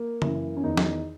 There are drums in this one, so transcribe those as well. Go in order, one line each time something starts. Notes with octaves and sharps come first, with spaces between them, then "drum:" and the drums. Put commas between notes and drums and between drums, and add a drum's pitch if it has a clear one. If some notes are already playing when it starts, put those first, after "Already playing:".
Already playing: A#3
F#2 E3, drum: tom
C#4
E2 D#3 D#4
drum: snare